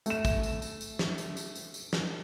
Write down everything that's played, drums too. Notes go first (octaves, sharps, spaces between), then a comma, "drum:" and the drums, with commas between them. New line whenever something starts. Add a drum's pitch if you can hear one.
A3 E7, drum: tambourine
drum: kick, tambourine
drum: tambourine
drum: tambourine
drum: tambourine
drum: snare
drum: tambourine
drum: tambourine
drum: tambourine
drum: tambourine
drum: snare